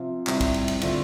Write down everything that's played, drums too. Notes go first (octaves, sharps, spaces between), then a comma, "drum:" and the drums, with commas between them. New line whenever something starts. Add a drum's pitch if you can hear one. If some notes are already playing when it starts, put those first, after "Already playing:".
Already playing: C3 F3 C4 F4
C3 G3 C4 E4, drum: clap
drum: kick, cymbal
drum: cymbal
drum: cymbal
D3 A3 C4 F4, drum: cymbal